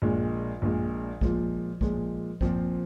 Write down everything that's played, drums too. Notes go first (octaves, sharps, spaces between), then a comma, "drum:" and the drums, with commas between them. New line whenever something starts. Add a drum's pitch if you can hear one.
A#1 A#2 G#3
A#1 A#2 G#3
A#2 F3 G#3, drum: kick
A#2 F3 G#3, drum: kick
A#2 F3 C4, drum: kick